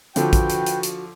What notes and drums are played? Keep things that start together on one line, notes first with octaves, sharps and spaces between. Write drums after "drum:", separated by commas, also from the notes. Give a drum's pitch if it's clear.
D3 F3 F#4 B4 G5, drum: hi-hat
drum: kick, hi-hat
drum: hi-hat
drum: hi-hat
drum: hi-hat